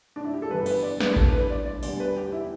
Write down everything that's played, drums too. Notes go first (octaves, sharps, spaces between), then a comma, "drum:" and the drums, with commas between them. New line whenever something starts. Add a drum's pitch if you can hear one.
D4
E4
G4
A4
G1 G2 E3 G3 B4
B4, drum: cymbal
D5
B4, drum: snare
A4, drum: kick A1
B4
D5
D5
E2 D3 G3 D5, drum: open hi-hat
B4
G4
E4